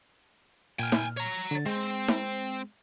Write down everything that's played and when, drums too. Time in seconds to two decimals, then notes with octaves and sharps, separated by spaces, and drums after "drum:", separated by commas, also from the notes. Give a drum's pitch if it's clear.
0.79 A#2 G5 G#5 F6
0.92 drum: snare
1.17 C#5 A#5
1.51 D3 A6
1.66 G#3 C4
2.08 drum: snare